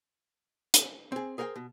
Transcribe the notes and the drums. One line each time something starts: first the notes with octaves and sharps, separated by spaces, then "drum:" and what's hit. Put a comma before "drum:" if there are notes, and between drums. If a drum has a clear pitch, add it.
drum: hi-hat
C4 G#4
G#4 A#4 C5 F#5 G5
B2